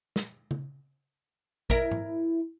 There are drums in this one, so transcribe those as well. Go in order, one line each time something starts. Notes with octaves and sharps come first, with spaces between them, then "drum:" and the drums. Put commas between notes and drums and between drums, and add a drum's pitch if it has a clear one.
drum: snare
drum: tom C#3
E4 A#4, drum: kick
drum: tom G#2